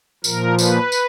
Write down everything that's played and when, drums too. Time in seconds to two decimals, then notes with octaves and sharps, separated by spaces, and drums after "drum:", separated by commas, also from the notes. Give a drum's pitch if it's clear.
0.24 A#2 F3 A#4, drum: tambourine
0.59 B4, drum: tambourine
0.92 drum: tambourine